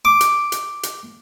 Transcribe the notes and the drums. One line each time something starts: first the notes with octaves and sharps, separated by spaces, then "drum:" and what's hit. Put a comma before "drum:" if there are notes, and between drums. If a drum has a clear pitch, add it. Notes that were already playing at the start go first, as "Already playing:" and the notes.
D6
drum: hi-hat
drum: hi-hat
drum: hi-hat